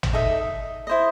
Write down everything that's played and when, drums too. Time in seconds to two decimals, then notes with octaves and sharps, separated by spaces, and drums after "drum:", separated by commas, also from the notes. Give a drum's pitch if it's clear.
0.03 drum: tom
0.13 D#4 A4 D#5 E5
0.87 E4 C5 D#5